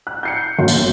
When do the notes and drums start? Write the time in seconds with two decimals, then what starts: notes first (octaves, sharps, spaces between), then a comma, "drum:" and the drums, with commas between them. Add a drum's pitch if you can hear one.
0.07 F#6
0.23 G6 C7 C#7
0.59 F#2 F#3 A#3
0.68 drum: tambourine
0.78 G1